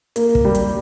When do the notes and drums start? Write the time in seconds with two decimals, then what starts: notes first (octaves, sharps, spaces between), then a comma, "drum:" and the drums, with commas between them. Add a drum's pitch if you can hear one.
0.16 A#3, drum: hi-hat
0.35 drum: kick
0.45 G3
0.55 drum: hi-hat